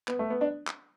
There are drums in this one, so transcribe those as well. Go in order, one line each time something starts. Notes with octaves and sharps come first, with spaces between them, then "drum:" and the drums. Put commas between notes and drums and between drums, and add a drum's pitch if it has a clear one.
B3, drum: clap
A3
B3
D4
drum: clap